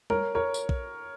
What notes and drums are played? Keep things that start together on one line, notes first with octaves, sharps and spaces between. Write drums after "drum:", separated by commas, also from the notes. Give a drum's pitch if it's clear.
A#4 C#5, drum: tom G3
A#4 C#5
drum: tambourine
drum: kick